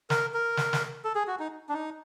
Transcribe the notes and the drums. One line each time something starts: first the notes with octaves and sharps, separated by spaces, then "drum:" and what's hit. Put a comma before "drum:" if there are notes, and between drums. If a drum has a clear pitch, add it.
A#4, drum: snare
A#4
drum: snare
drum: snare
A4
G#4
F#4
D#4
D4
D#4